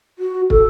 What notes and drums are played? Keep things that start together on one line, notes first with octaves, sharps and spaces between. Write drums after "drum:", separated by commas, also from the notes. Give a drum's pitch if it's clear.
F#4
A4, drum: kick